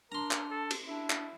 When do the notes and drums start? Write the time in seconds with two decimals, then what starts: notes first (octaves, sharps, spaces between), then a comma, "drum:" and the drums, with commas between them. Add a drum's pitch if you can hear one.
0.12 D4 A#4 A#5 C6
0.31 drum: clap
0.51 A4
0.71 drum: cymbal
0.88 D4 E4
1.10 drum: clap